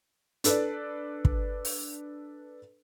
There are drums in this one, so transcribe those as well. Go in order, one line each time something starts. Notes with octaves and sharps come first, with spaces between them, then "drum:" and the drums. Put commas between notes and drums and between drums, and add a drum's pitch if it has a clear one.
D4 A4 B4 D5, drum: hi-hat
drum: kick
drum: open hi-hat